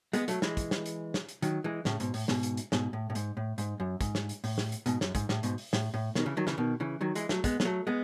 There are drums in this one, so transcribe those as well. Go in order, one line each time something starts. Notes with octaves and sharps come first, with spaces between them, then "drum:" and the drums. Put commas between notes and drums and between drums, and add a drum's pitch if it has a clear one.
G#3 B3, drum: hi-hat
F#3 A3, drum: hi-hat
E3 G#3, drum: snare
drum: kick, hi-hat
drum: snare
drum: hi-hat
drum: snare
drum: hi-hat
D#3 F#3, drum: hi-hat
E3 G#3
A2 C#3, drum: snare
G#2 B2, drum: hi-hat
A2, drum: open hi-hat
G#2 B2, drum: snare
drum: hi-hat
drum: hi-hat
G#2 B2, drum: snare
A2
A2
G#2, drum: hi-hat
A2
G#2, drum: hi-hat
F#2
G#2, drum: kick, hi-hat
drum: snare
drum: hi-hat
A2, drum: open hi-hat
drum: snare
drum: hi-hat
G#2 B2, drum: hi-hat
F#2, drum: snare
G#2, drum: kick, hi-hat
A2, drum: snare
G#2 B2, drum: hi-hat
drum: open hi-hat
A2, drum: snare
A2
B2 D#3, drum: snare
C#3 E3
D#3 F#3
C#3 E3, drum: snare
B2 D#3
C#3 E3
D#3 F#3
E3 G#3, drum: hi-hat
F#3 A3, drum: snare
G#3 B3, drum: kick, hi-hat
B3, drum: snare
F#3 A3
G#3 B3